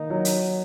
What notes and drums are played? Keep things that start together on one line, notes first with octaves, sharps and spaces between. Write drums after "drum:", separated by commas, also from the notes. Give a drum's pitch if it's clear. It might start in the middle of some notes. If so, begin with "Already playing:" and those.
Already playing: D#3 A#3 D#4
F#3
drum: hi-hat